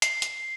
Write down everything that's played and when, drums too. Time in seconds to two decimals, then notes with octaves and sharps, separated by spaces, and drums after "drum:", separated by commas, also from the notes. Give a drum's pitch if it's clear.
0.02 C7, drum: hi-hat
0.22 drum: hi-hat